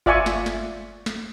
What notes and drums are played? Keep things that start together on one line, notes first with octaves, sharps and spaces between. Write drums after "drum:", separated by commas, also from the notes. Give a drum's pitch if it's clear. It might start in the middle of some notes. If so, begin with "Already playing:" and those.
F4 D5 E5 G#5 C#6, drum: kick G1
drum: snare
drum: snare
drum: snare